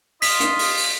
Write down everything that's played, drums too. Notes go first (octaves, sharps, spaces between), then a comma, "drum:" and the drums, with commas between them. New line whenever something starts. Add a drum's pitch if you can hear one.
F4 D#5 C6 B6, drum: open hi-hat
drum: hi-hat
drum: open hi-hat
drum: open hi-hat